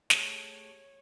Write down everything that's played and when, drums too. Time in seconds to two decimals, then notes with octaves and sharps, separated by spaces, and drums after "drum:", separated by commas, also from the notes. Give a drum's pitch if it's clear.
0.10 A3 G4 G#4 C#5, drum: snare